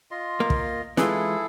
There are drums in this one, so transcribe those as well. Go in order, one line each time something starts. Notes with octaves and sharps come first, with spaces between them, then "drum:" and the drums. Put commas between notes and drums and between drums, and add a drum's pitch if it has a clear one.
F4 D#5 C6
A#3
drum: kick
E3 G#3 E4 F4 G#4 A4, drum: snare